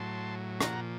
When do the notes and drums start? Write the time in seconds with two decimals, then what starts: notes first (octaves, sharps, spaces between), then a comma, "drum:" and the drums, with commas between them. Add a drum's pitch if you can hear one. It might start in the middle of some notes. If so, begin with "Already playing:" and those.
Already playing: A2 F#3 A5 C6
0.61 A#2 F3 F#5 A#5, drum: rim click